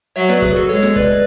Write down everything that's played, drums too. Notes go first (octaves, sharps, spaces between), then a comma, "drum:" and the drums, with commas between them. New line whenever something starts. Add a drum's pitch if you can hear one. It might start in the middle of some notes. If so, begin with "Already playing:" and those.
F#3 C#5 E5
B4 D5, drum: snare
G#4 B4, drum: kick
F#4 A4
G#3 A4 C#5
drum: snare
B4 D5, drum: kick